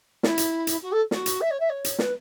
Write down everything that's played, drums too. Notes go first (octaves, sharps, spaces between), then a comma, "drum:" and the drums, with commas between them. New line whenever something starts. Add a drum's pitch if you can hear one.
E4, drum: snare
drum: hi-hat
drum: hi-hat
F#4
A4
F#4, drum: snare
drum: hi-hat
E5
C#5
E5
C#5
drum: hi-hat
B4, drum: snare